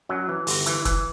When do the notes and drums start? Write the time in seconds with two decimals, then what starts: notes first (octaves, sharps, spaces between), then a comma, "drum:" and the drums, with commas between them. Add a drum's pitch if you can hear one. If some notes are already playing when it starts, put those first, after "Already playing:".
0.09 F#2 F#3
0.29 E3
0.47 G1, drum: open hi-hat
0.66 E3, drum: hi-hat
0.85 E3, drum: kick, hi-hat